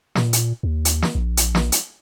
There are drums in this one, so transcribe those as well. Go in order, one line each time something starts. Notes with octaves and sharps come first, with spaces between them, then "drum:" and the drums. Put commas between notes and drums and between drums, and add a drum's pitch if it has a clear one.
A#2, drum: snare
drum: hi-hat
D#2
drum: hi-hat
drum: snare
A#1
drum: hi-hat
drum: snare
drum: hi-hat